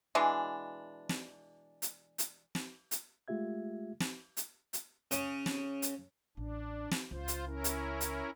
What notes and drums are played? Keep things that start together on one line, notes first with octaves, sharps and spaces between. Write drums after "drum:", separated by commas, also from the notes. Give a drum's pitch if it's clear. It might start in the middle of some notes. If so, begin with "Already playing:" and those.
B2 E3 G#3 D4
drum: snare
drum: hi-hat
drum: hi-hat
drum: snare
drum: hi-hat
G#3 A3 F4 G4 E5 G#6
drum: snare
drum: hi-hat
drum: hi-hat
C#3, drum: hi-hat
drum: snare
drum: hi-hat
A1 D4
drum: snare
C#2 F4 C5
drum: hi-hat
C#4 E4 A#4
drum: hi-hat
drum: hi-hat